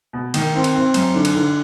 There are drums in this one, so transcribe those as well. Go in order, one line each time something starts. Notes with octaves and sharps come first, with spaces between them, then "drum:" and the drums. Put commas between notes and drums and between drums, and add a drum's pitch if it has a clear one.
B2
D#3, drum: cymbal
C4
drum: cymbal
C4
F#2, drum: cymbal
D3
drum: cymbal
D3